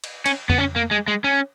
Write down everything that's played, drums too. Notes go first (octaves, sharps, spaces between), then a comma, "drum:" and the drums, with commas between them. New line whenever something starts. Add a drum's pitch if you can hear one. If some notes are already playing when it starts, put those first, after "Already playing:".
drum: cymbal
C#4, drum: cymbal
B3, drum: tom F2
C#4
A#3
G#3
G#3
C#4